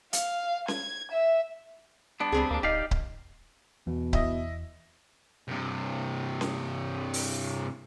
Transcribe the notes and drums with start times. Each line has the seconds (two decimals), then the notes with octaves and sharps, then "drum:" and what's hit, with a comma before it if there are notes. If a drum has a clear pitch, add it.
0.13 F5, drum: hi-hat
0.68 G#6, drum: snare C#4
1.11 E5
2.20 G3 B3 D4
2.32 C#2 G3 C4 G#4
2.51 D2 A#3 D4
2.63 D1 D#4 G4 D5 D#5 F5
2.91 drum: kick C#1
3.87 E2 B2
4.13 E4 D#5, drum: kick C#1
5.48 G2 C3
6.41 drum: snare C#4
7.14 drum: open hi-hat